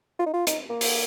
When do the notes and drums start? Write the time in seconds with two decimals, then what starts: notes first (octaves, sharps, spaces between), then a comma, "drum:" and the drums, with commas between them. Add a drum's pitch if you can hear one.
0.19 F4
0.26 D#4
0.33 F4
0.47 D#4, drum: hi-hat
0.70 A#3
0.81 drum: open hi-hat